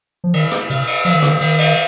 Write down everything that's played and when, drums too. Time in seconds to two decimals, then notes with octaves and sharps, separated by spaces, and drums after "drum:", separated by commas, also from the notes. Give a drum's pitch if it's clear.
0.24 F3
0.34 D#3, drum: cymbal
0.51 drum: rim click
0.70 C3, drum: cymbal
0.87 drum: cymbal
1.05 F3, drum: cymbal
1.13 D#3
1.22 D3, drum: rim click
1.30 D#3
1.41 D#3, drum: cymbal
1.58 drum: cymbal